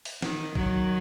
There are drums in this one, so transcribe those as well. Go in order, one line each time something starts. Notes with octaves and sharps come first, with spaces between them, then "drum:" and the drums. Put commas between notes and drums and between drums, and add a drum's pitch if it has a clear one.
drum: open hi-hat
D#3, drum: snare
D#3 F#3, drum: kick A#1